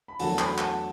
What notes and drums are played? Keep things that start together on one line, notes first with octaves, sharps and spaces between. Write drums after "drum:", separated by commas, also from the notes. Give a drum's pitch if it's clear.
B5
E2 D3 F#3 A3 D4 F#5 A5, drum: open hi-hat
G5 B5, drum: clap
F#5 A5, drum: clap